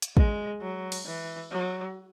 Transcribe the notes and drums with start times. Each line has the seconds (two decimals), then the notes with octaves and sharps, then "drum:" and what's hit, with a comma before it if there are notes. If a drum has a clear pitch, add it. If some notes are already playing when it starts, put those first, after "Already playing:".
0.02 drum: hi-hat
0.17 G#3, drum: kick
0.62 F#3
0.92 drum: cymbal
1.06 E3
1.52 F#3